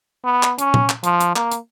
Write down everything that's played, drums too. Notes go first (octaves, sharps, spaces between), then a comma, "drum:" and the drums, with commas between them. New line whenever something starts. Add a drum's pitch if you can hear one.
B3
drum: clap
C#4, drum: hi-hat
drum: tom A#2
drum: clap
F3, drum: hi-hat
drum: hi-hat
A#3, drum: clap
drum: hi-hat